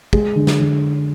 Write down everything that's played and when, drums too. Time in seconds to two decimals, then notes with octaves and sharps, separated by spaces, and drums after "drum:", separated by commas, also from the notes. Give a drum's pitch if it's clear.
0.13 G#3, drum: kick
0.36 D3
0.47 drum: snare
0.60 D3